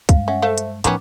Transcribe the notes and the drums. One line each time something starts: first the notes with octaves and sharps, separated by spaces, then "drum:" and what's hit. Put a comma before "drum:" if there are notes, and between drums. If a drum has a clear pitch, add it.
G2 G#3 F5, drum: kick, hi-hat
C#4 E5 F#5
A3 A4 C5 E5 F5
drum: hi-hat
A2 D#3 F3 B3 C#4 D6, drum: hi-hat